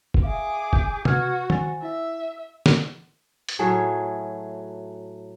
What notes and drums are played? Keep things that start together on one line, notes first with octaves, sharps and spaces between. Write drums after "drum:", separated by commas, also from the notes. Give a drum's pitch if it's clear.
drum: kick
G#4 E5 F5 D6
G6, drum: kick
F#4 B4 F6 G#6, drum: tom
C5 G#5 A6, drum: tom
E4 E5
drum: snare
drum: hi-hat
A2 F#3 A3 G#4